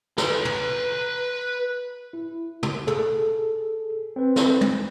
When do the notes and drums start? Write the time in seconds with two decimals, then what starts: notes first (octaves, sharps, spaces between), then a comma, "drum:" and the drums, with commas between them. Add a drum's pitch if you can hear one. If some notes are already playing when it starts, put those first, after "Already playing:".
0.18 B4 A#5, drum: snare
0.45 drum: tom
2.13 E4
2.63 drum: tom
2.87 G#4 A4, drum: tom
4.16 C4 B4
4.36 drum: snare
4.61 drum: tom